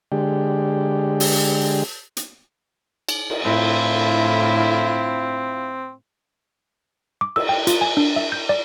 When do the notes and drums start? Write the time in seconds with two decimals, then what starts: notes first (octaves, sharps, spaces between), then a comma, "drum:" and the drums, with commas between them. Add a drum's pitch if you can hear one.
0.12 D3 G#3 G4
1.20 drum: open hi-hat
2.17 drum: hi-hat
3.09 drum: cymbal
3.30 drum: cymbal
3.44 A2 D3 C4 E4 F4
7.21 D6
7.36 E6, drum: cymbal
7.49 G5
7.67 F4, drum: hi-hat
7.81 G#5
7.97 D4
8.16 E5
8.32 G6
8.49 D5